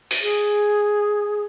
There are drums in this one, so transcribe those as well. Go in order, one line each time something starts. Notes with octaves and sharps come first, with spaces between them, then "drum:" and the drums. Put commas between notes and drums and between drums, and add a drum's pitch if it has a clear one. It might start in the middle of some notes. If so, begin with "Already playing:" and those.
drum: open hi-hat
G#4